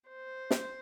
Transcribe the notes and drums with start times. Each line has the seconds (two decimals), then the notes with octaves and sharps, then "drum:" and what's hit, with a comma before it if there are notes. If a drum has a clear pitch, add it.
0.09 C5
0.51 drum: snare